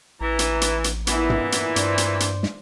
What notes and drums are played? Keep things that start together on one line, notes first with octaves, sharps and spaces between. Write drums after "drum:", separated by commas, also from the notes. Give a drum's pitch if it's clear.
A1 E3 A#5
drum: hi-hat
drum: hi-hat
drum: hi-hat
A#2 E3 B3 E4, drum: hi-hat
drum: tom
drum: hi-hat
G2 C5 D5, drum: hi-hat
drum: hi-hat
drum: hi-hat
drum: snare